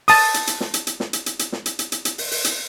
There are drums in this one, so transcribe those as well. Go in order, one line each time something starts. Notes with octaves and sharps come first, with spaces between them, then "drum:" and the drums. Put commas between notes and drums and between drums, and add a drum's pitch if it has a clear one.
A5 D#6, drum: open hi-hat
drum: hi-hat
drum: hi-hat
drum: snare
drum: hi-hat
drum: hi-hat
drum: snare
drum: hi-hat
drum: hi-hat
drum: hi-hat
drum: snare
drum: hi-hat
drum: hi-hat
drum: hi-hat
drum: hi-hat
drum: open hi-hat
drum: open hi-hat
drum: hi-hat